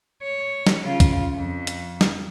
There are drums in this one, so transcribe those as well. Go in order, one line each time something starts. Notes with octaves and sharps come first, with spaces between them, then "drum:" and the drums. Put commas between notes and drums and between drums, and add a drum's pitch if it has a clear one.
C#5
drum: snare
C#3 F4
drum: kick, hi-hat
F2
drum: hi-hat
drum: snare